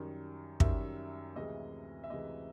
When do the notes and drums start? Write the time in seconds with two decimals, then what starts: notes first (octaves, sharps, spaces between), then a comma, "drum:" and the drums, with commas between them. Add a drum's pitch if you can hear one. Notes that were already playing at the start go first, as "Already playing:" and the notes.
Already playing: F#2 D#3 G3
0.60 F#2 D#3 G3 E5, drum: kick
1.36 D2 C3 E3 G#3 D#5
2.04 E5
2.10 D2 C3 E3 G#3 D#5